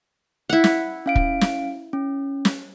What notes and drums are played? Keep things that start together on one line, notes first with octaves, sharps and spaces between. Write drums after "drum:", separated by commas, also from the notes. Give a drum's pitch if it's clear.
E4 F#5
drum: snare
C#4 F5 D7
drum: kick
drum: snare
C#4
drum: snare